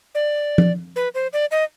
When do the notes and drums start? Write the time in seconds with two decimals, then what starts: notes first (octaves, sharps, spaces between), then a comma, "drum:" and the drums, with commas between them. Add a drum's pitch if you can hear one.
0.15 D5
0.58 drum: tom F3
0.96 B4
1.15 C5
1.33 D5
1.51 D#5